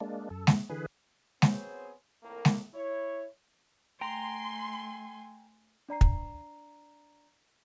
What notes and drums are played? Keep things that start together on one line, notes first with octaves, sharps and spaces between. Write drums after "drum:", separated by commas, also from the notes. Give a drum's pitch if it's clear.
G#3 A#3 D4
F#2 A4
drum: snare
D3 E3 G#4 B4
F#3 B3 C4 G#4 C5 C#5, drum: snare
F2 A2 A#3 A#4
drum: snare
E4 C#5
A3 G5 G#5 A#5 C6
D4 D5 A#5 C7
drum: kick